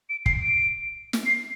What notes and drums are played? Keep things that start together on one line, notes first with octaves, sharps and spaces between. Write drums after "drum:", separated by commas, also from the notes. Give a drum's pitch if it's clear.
D7
C7, drum: kick
D7
drum: snare
C7